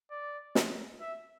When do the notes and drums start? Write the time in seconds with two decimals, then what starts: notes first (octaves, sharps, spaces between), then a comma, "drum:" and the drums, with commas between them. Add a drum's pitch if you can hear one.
0.11 D5
0.55 drum: snare
1.00 E5